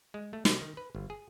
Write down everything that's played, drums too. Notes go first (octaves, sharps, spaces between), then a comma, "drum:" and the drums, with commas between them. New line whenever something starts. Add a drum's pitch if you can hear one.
G#3
A3
C3, drum: snare
D#3
B4
G1
G#4